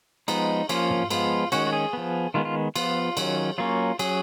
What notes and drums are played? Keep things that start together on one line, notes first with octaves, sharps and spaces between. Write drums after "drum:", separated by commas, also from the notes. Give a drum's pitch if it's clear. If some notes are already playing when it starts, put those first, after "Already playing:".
F3 G#3 B3 D#4, drum: cymbal
F3 A#3 C#4 F4, drum: cymbal
drum: tom
F3 G#3 B3 F4, drum: cymbal
D#3 G#3 C#4 F#4, drum: cymbal
F#4
G#4
F3 B3
D#3 G#3 B3 F4
F4
F3 B3 F4, drum: cymbal
D#3 F#3 C#4, drum: cymbal
F#3 A#3 C#4 F4
F#3 C#4 G#4, drum: cymbal